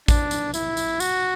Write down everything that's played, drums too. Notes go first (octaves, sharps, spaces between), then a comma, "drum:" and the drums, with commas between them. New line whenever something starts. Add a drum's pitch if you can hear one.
D4, drum: kick, tambourine
drum: tambourine
E4, drum: tambourine
drum: tambourine
F#4, drum: tambourine